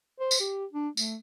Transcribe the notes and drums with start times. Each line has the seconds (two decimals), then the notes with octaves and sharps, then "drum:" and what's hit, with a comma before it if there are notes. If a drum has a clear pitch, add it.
0.20 C5
0.31 drum: tambourine
0.40 G4
0.73 D4
0.97 A3, drum: tambourine